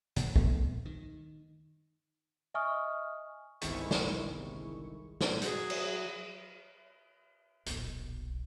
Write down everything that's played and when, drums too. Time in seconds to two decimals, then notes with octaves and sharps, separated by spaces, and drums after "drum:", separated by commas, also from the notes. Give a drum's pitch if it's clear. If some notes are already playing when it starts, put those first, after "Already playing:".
0.16 G#2 F3 A#3, drum: hi-hat
0.36 C2 F#2 A3 B3, drum: kick
0.85 D#3
2.54 D#5 E5 G#5 C#6 D#6 F6
3.61 G1 C2 D#3 G#3 E4 C#6, drum: hi-hat
3.91 drum: snare
5.21 drum: snare
5.42 F#3 G#4, drum: hi-hat
5.70 drum: cymbal
7.66 D#1 B1, drum: hi-hat